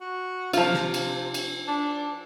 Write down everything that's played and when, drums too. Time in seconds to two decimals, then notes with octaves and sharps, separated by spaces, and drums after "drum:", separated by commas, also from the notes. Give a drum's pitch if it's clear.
0.01 F#4
0.53 C3 F3 F4, drum: cymbal
0.74 drum: snare
0.94 drum: cymbal
1.34 drum: cymbal
1.67 D4